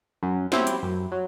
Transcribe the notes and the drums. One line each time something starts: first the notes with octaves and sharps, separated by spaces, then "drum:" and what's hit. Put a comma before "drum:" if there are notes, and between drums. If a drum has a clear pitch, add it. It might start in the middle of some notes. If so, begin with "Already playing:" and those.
F#2
F#3 C4 E4 G4, drum: snare
drum: hi-hat
F#2
F#3